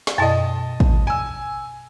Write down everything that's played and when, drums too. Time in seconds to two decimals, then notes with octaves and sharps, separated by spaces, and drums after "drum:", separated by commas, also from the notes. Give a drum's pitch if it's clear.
0.07 drum: snare
0.18 F#2 B2 D#5 A5
0.80 drum: kick
1.07 G#5 E6